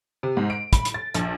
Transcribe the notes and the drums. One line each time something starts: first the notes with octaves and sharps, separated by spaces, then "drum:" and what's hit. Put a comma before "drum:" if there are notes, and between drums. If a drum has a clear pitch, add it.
C3
G#2
D7
B5, drum: kick, hi-hat
drum: hi-hat
A6
A#1, drum: hi-hat